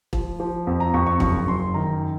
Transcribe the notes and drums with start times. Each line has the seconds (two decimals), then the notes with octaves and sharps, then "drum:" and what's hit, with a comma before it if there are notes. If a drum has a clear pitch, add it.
0.13 F3, drum: kick
0.40 F3
0.67 F2
0.80 A#5
0.94 F2 C#6
1.07 C#6
1.20 F#1 C#6, drum: kick
1.48 F#2 C6
1.74 D#3 A#5